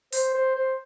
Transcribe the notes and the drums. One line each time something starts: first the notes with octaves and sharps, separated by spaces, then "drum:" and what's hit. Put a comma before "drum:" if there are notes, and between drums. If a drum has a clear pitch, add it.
C5, drum: open hi-hat
C5
C5